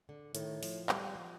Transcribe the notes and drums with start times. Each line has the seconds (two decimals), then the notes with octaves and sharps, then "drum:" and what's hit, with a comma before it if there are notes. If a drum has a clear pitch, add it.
0.09 D3
0.35 A2 D#3, drum: hi-hat
0.63 F3, drum: open hi-hat
0.89 G3, drum: clap
1.16 F3